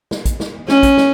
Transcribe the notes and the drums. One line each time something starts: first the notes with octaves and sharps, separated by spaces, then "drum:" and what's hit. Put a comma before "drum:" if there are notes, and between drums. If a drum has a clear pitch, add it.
drum: snare
drum: kick, hi-hat
drum: snare
C#4, drum: snare
drum: kick, hi-hat
drum: snare